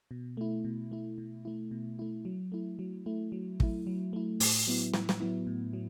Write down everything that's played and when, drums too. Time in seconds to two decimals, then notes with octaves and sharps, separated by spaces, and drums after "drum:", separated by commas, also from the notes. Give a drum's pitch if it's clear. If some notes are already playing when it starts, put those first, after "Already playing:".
0.11 B2
0.37 A3 E4
0.65 B2
0.91 A3 E4
1.18 B2
1.45 A3 E4
1.71 B2
1.99 A3 E4
2.25 F#3
2.52 A3 E4
2.79 F#3
3.06 A3 E4
3.32 F#3
3.60 A3 E4, drum: kick
3.87 F#3
4.13 A3 E4
4.40 A2, drum: open hi-hat
4.67 F#3 B3 E4
4.94 A2, drum: snare
5.09 drum: snare
5.20 F#3 B3 E4
5.47 A2
5.73 F#3